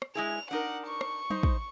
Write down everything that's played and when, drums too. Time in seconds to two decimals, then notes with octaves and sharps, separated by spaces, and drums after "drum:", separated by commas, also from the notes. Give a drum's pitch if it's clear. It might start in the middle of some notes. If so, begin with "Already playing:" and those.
0.02 drum: rim click
0.15 G#3 E4 G#4 F7
0.51 D4 D#4 A#4 F#5
0.87 C#6
1.01 drum: rim click
1.30 D#4 C5, drum: tom F#3
1.43 drum: kick